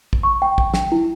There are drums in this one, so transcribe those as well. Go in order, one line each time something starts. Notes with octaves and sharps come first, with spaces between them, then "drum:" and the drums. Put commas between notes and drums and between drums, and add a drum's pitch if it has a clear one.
drum: kick
C#6
G5
drum: kick
G5, drum: snare
E4